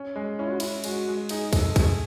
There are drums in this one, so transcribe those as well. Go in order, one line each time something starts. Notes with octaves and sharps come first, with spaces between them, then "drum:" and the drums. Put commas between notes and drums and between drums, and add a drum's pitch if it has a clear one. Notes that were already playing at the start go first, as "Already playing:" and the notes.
Already playing: C#4
G#3
C#4 E4
F#4
C#4 E4, drum: cymbal
G#3 F#4, drum: cymbal
G#3
D#4 G#4, drum: cymbal
G#3 A4, drum: kick, cymbal
A3 G#4, drum: kick, cymbal